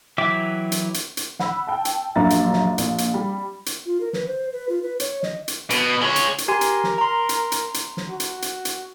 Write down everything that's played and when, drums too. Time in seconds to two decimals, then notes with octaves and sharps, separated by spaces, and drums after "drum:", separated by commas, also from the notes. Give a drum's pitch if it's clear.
0.18 E3 F#3 E5 G5 D6
0.72 drum: hi-hat
0.94 drum: hi-hat
1.17 drum: hi-hat
1.39 F#5 B5 E6, drum: snare
1.67 G5 A5
1.85 drum: hi-hat
2.16 A#1 F#2 D4 E5 A#5 A6
2.30 drum: hi-hat
2.53 drum: snare
2.78 A#1, drum: hi-hat
2.98 drum: hi-hat
3.14 G3
3.66 drum: hi-hat
3.86 F4
4.01 A#4
4.13 B4, drum: snare
4.27 C5
4.53 B4
4.69 F4
4.83 B4
5.00 C#5, drum: hi-hat
5.23 D#5, drum: snare
5.48 drum: hi-hat
5.70 B2, drum: hi-hat
6.01 G#3 C#5
6.16 drum: hi-hat
6.38 drum: hi-hat
6.48 G4 A#4 G#5 C6
6.61 drum: hi-hat
6.84 drum: snare
6.98 A#5 C6
7.29 drum: hi-hat
7.52 drum: hi-hat
7.74 drum: hi-hat
7.97 drum: snare
8.10 F#4
8.20 drum: hi-hat
8.42 drum: hi-hat
8.65 drum: hi-hat